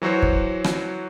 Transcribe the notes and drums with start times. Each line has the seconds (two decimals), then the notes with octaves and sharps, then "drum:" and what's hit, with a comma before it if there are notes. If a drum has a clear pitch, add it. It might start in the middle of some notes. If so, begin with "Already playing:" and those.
0.02 E3 F#3 F#4 C5 C#5
0.23 drum: kick
0.64 drum: rim click